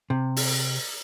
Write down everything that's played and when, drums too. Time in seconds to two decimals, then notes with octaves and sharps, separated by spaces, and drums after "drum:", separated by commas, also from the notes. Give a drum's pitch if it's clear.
0.10 C3
0.36 drum: open hi-hat